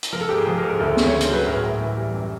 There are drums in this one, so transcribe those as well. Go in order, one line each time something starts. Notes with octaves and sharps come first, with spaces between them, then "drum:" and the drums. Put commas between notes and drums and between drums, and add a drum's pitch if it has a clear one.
drum: hi-hat
F3 A#4
A4
G#2 G4
G#4
F3 A4
A#4
G#2
A#4
D2 A4
D2, drum: snare
C#5
C#3
C5, drum: hi-hat
F#3 B4
A2 A#4
A2
E3
G3
F#2